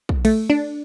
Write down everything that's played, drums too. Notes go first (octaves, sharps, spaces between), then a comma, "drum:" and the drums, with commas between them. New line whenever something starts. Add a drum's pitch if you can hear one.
drum: kick
A3, drum: cymbal
D4